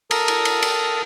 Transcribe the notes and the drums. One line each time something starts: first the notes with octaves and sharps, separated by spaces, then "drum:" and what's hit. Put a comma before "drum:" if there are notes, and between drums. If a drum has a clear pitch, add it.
A4 A#4 A#5 D#6, drum: cymbal
drum: cymbal
drum: cymbal
drum: cymbal